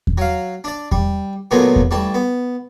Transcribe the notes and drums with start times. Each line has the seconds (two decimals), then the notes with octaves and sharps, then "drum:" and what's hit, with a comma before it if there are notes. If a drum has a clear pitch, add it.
0.07 drum: kick E2
0.18 F#3 F5
0.64 D4 D5
0.92 G3, drum: kick E2
1.51 A#2 C#3 F#3 A3 B3
1.76 drum: kick E2
1.91 A1 G3 A5
2.14 B3